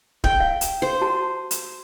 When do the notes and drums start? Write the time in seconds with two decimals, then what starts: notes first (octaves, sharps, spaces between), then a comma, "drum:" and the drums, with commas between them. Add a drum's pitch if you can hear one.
0.24 G5, drum: kick D1
0.40 F5
0.61 drum: hi-hat
0.82 C5
1.01 F#4 A5
1.51 drum: hi-hat